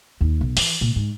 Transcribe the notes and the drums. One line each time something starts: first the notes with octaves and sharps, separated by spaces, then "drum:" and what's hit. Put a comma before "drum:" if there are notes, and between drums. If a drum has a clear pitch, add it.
D#2
B1
E3, drum: open hi-hat
A#2
G#2